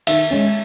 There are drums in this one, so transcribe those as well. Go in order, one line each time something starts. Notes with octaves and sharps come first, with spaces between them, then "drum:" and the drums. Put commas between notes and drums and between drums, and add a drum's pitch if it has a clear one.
D#3 E5, drum: cymbal
G#3 C#4